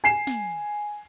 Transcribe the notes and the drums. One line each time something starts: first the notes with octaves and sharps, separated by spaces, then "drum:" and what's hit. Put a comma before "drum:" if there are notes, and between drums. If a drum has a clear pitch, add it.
G#5 C7 E7, drum: hi-hat
drum: snare
drum: hi-hat